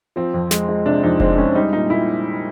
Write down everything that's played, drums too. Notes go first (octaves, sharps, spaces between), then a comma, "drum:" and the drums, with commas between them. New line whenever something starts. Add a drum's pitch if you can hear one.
F3 C4
F2
G#3, drum: snare
G#3
C3 D4
F2 D#4
G#3 C4, drum: kick F1
G#3 C#4
G3 D#4
A#2 D#4
A#2 E4